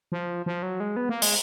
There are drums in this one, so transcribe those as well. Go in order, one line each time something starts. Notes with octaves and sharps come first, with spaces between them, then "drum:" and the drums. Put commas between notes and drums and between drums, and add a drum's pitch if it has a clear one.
F3
F3
F#3
G#3
B3
A#3
G#3, drum: open hi-hat